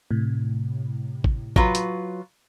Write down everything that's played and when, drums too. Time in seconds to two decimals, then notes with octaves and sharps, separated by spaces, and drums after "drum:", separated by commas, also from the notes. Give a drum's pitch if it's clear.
0.11 A2 C3
1.24 drum: kick G#1
1.56 F#3 F4 B4, drum: kick G#1
1.75 drum: hi-hat